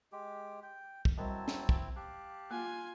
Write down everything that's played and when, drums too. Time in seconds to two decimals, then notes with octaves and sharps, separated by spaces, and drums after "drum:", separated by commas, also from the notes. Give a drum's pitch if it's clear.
0.12 G#3 G4
0.63 G5
1.05 drum: kick
1.18 F#3 G3 C4 E4 A#4 D#5 A5
1.48 drum: snare
1.69 drum: kick
1.96 G4 F5 A5 F#6
2.51 A#3 F4 G#5